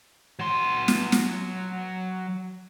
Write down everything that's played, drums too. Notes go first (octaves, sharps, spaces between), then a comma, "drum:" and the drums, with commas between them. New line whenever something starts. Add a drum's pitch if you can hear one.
F#3 C6
drum: snare
drum: snare